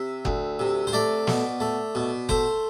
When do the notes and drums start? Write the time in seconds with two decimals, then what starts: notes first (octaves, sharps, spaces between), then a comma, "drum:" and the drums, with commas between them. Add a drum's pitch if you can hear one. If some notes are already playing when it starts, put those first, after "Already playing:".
Already playing: C3 E5
0.25 D2, drum: kick F#1
0.59 C3
0.87 C5
0.93 A3 D5
1.27 B2, drum: snare
1.60 A3
1.95 B2
2.29 A3 C5, drum: kick F#1